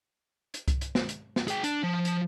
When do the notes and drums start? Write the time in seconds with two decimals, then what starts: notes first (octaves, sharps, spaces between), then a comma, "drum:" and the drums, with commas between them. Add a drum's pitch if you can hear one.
0.54 drum: hi-hat
0.68 drum: kick C2, hi-hat
0.81 drum: hi-hat
0.95 drum: snare
1.09 drum: hi-hat
1.36 drum: snare
1.48 G#4 G5, drum: hi-hat
1.64 D4, drum: hi-hat
1.83 F3
2.05 drum: hi-hat